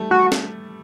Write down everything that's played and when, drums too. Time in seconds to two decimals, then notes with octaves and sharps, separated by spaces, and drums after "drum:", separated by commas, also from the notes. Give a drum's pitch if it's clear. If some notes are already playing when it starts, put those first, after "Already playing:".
Already playing: G3 A3
0.11 A3 F#4
0.32 drum: snare